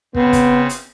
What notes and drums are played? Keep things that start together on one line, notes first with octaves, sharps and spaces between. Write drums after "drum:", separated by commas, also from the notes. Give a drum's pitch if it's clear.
C#3 B3 C4, drum: kick
drum: kick, hi-hat
drum: hi-hat